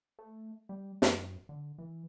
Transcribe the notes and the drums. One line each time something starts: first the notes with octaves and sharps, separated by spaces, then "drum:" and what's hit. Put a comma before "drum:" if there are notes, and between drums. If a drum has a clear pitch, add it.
A3
G3
F#2, drum: snare
D3
E3